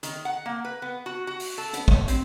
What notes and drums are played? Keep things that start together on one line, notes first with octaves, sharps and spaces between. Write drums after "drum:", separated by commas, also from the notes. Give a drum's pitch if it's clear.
D#3, drum: hi-hat
F#5
A#3
B4
B3
F#4
F#4
drum: open hi-hat
A4
B3, drum: hi-hat
C#5, drum: kick
C4, drum: hi-hat